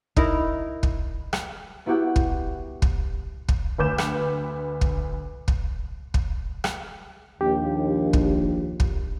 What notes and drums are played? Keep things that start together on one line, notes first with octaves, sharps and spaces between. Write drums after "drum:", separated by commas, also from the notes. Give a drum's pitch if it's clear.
D#4 E4 A#4, drum: kick
drum: kick
drum: rim click
B3 E4 F#4 G4 F#5 G5
drum: kick
drum: kick
drum: kick
D2 B4 D6 G6 E7
drum: rim click
drum: kick
drum: kick
drum: kick
drum: rim click
A#1 D#2 G4
drum: kick
drum: kick